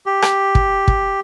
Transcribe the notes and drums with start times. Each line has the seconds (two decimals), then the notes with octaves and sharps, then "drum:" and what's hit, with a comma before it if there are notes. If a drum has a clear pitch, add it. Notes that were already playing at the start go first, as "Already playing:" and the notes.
0.06 G4
0.22 drum: rim click
0.55 drum: kick
0.88 drum: kick